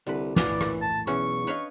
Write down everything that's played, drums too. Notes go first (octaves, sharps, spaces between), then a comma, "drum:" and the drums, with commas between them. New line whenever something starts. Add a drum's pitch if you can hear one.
C2 D3 B4
E2 A2 E3 F#4 G#4 D5 F5, drum: snare
A#2, drum: rim click
A5
B1 E2 E3 C#4 E4 F#4 C#6
D4 B4 C#5 D#5 F5